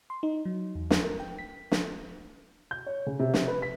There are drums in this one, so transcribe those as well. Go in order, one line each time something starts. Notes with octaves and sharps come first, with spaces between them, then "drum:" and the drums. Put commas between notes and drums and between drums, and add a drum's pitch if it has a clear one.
C6
D#4
F#3
E2
drum: snare
A#4
G5
B6
drum: snare
G6
C#5
C#3
C3
drum: snare
B4
B6